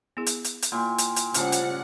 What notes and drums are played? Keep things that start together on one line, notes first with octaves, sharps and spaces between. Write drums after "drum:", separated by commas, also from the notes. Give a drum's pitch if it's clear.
B3 E4 G#4
drum: hi-hat
drum: hi-hat
drum: hi-hat
A#2 A#3 E4 G5 G#5 C6
drum: hi-hat
drum: hi-hat
C#3 G3 A3 C#4 F4 C5 F#5, drum: hi-hat
drum: hi-hat